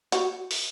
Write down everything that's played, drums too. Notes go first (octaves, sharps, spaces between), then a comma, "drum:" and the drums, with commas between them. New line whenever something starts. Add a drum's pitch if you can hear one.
F#4, drum: hi-hat
drum: open hi-hat